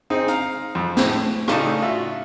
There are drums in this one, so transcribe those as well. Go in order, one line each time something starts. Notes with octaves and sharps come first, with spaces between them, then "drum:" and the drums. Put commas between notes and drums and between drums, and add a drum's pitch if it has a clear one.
C4 D#4 G#4
F5 A#5, drum: hi-hat
F2
A2, drum: snare
A2 C#3 A3 D#4 D5 A5, drum: rim click
F4 F#4 E5